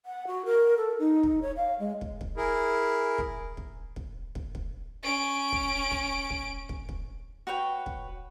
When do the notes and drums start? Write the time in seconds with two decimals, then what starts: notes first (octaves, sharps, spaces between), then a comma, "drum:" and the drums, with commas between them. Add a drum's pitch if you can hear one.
0.06 F#5
0.27 F#4
0.45 A#4
0.77 A4
0.99 D#4
1.23 drum: kick
1.42 C#5
1.57 F5
1.80 G#3
2.01 drum: kick
2.21 drum: kick
2.37 E4 G#4 A#4
3.18 drum: kick
3.57 drum: kick
3.96 drum: kick
4.35 drum: kick
4.55 drum: kick
5.03 C#4 D7
5.52 drum: kick
5.91 drum: kick
6.30 drum: kick
6.69 drum: kick
6.89 drum: kick
7.47 F#4 B4 C#5 G5
7.86 drum: kick